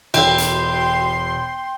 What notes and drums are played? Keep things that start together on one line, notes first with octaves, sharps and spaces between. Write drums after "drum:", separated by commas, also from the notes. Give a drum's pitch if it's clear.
E1 A4 G5 C6, drum: cymbal
drum: hi-hat